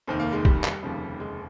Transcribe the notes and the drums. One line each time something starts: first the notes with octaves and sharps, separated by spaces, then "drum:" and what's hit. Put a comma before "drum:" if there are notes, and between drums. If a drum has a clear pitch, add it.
F1 D#2 D#3 C4
A#3
G#3
G3, drum: kick
drum: clap
F1 D#2 C#3 F3
G#3